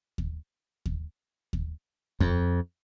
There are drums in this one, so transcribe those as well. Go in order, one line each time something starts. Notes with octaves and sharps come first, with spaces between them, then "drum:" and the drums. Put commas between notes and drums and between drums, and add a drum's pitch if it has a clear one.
drum: kick D#2
drum: kick D#2
drum: kick D#2
F2, drum: kick D#2